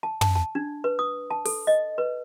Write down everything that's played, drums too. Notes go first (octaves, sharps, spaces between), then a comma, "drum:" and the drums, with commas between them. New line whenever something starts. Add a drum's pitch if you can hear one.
A5
A5, drum: tom
A5
D4
B4
D#6
A5
A4, drum: open hi-hat
D#5
B4